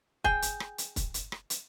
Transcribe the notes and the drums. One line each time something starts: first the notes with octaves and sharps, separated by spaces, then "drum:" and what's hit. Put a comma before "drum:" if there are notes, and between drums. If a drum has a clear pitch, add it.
G#4 G5, drum: kick
drum: hi-hat
drum: rim click
drum: hi-hat
drum: kick, hi-hat
drum: hi-hat
drum: rim click
drum: hi-hat